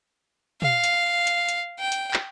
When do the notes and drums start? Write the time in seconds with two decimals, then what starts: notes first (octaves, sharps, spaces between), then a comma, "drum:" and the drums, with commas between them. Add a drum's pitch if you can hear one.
0.62 F5, drum: tom
0.84 drum: hi-hat
1.27 drum: hi-hat
1.49 drum: hi-hat
1.79 G5
1.92 drum: hi-hat
2.13 drum: clap